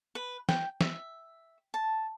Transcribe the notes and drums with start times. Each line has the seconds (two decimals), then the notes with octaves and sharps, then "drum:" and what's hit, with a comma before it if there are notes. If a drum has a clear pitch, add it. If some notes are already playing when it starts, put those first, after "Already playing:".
0.15 B4
0.49 G5, drum: snare
0.81 E5, drum: snare
1.74 A5